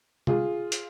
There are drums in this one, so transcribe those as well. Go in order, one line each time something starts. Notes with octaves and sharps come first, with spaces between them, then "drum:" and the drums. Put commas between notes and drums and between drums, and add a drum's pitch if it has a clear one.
F4 G#4, drum: tom C3
drum: hi-hat